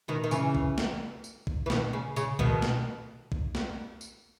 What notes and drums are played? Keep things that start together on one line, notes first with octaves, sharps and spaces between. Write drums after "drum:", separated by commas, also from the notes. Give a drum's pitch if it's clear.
B2 D#3
D#3
C#3 E3, drum: tambourine
drum: kick A#1
drum: snare
drum: tambourine
drum: kick A#1
E3
B2 D#3, drum: snare
C#3
C#3, drum: tambourine
B2 D#3, drum: kick A#1
drum: snare
drum: kick A#1
drum: snare
drum: tambourine